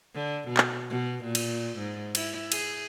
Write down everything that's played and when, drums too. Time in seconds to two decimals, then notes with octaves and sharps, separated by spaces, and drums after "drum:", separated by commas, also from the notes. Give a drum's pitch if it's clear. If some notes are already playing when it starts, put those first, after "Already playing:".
0.14 D3
0.48 B2
0.57 drum: clap
0.90 B2
1.24 A#2
1.35 drum: cymbal
1.78 G#2
2.15 E4, drum: cymbal
2.52 G#4, drum: cymbal